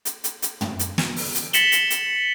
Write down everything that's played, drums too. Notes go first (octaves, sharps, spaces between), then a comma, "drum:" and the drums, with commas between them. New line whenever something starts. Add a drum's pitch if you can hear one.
drum: hi-hat
drum: hi-hat
drum: hi-hat
drum: tom
drum: hi-hat
drum: snare
drum: open hi-hat
drum: hi-hat
A6 B6 C#7 E7 F#7 G7, drum: hi-hat
drum: hi-hat
drum: hi-hat